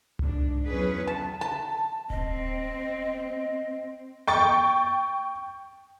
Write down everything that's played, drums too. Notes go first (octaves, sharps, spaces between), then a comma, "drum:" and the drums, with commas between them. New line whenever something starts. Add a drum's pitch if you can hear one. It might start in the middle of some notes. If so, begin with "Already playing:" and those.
G#2 D4, drum: tom C2
E2 F#3 C#4 G#4 B4
A5
A5
C4 D#5, drum: kick D#1
G5 C#6 A6